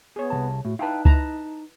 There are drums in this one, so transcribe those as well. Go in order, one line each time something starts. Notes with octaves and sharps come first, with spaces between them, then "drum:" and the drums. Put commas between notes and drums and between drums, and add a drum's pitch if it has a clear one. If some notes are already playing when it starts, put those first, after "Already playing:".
B3 G#4 C#5
C2 C3 A5
A2 F#4
D#4 E4 B4 F5 G5 A5
E4 B4 A5 A#5, drum: kick C#2